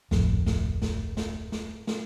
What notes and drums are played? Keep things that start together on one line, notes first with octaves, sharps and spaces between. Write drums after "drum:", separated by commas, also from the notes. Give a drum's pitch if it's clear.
D1 G#1 F2, drum: snare
drum: snare
drum: snare
drum: snare
drum: snare
drum: snare